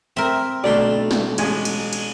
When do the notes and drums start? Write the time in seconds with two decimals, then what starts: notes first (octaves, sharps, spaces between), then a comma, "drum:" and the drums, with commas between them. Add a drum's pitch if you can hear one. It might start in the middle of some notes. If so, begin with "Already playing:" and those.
0.17 C4 A#4 E5
0.64 B1 A3 D4 D5 C6
1.11 drum: snare
1.38 A1 G#3 G#5, drum: cymbal
1.65 drum: cymbal
1.93 drum: cymbal